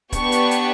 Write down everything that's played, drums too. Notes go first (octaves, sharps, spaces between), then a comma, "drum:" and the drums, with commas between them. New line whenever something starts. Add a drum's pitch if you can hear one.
B3 D4 G4 C#6, drum: kick, hi-hat
drum: hi-hat
drum: hi-hat